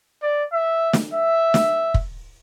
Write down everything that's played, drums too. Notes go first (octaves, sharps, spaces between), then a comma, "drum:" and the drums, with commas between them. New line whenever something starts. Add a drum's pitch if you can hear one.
D5
E5
drum: snare
E5
drum: snare
drum: kick